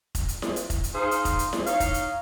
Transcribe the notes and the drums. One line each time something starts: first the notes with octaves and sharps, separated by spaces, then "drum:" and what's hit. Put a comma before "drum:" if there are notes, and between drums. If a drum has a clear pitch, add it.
drum: kick F1, hi-hat
drum: hi-hat
drum: snare E4
drum: hi-hat
drum: kick F1, hi-hat
drum: hi-hat
D#4 G#4 C5 F5 C6
drum: hi-hat
drum: kick F1, hi-hat
drum: hi-hat
drum: snare E4
D#4 C#5 F5, drum: hi-hat
drum: kick F1, hi-hat
drum: hi-hat